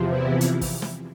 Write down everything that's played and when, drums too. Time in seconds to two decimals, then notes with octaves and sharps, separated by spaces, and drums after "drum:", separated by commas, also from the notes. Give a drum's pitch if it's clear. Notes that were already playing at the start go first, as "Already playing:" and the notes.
Already playing: E2 C3 F3
0.09 E3 E4
0.41 drum: hi-hat
0.61 drum: kick, open hi-hat
0.82 drum: snare